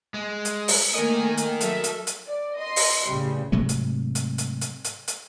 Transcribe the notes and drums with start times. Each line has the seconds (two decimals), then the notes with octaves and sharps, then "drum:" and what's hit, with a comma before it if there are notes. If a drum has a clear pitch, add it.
0.14 G#3
0.45 drum: hi-hat
0.68 drum: open hi-hat
0.94 A3 A#3 A#4 D#5 G#5
1.37 drum: hi-hat
1.61 F#3 A4 E5, drum: hi-hat
1.84 drum: hi-hat
2.07 drum: hi-hat
2.28 D5
2.57 D#5 C6
2.76 drum: open hi-hat
3.06 A1 C#3 G3
3.52 G#2 C3 F#3 A3
3.69 drum: hi-hat
4.15 drum: hi-hat
4.38 drum: hi-hat
4.61 drum: hi-hat
4.84 drum: hi-hat
5.08 drum: hi-hat